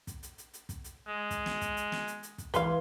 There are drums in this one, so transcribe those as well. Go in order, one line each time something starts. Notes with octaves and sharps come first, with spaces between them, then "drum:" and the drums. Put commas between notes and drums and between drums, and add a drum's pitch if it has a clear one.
drum: kick, hi-hat
drum: hi-hat
drum: hi-hat
drum: hi-hat
drum: kick, hi-hat
drum: hi-hat
G#3
drum: kick, hi-hat
drum: snare
drum: kick, hi-hat
drum: hi-hat
drum: snare
drum: hi-hat
drum: hi-hat
drum: kick, hi-hat
E3 B4 F5 C6 G7, drum: kick, hi-hat